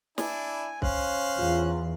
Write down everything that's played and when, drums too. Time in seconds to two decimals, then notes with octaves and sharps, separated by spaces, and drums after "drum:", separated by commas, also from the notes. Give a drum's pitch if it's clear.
0.18 D4 E4 G#5, drum: snare
0.82 C#4 C5 F5 F#6, drum: kick
1.38 E2 F4